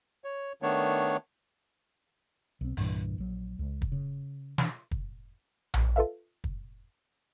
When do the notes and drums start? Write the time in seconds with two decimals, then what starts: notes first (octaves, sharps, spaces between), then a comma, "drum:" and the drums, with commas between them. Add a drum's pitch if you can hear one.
0.24 C#5
0.62 D#3 A3 B3 D4 C#5
2.61 B1 C4
2.77 C2 G2 A#2 E3, drum: open hi-hat
3.18 A#1 F#3
3.59 C#2
3.82 drum: kick
3.92 C#3
4.58 E3 D4, drum: snare
4.91 drum: kick
5.74 drum: tom A#1
5.96 F4 A4 B4 E5 F5
6.44 drum: kick